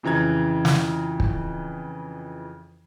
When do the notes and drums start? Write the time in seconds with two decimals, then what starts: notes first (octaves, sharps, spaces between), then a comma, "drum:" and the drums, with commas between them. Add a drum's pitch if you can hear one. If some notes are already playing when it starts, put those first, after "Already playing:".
0.03 F2 C#3 E3 A#5 G#6
0.65 drum: snare
1.20 drum: kick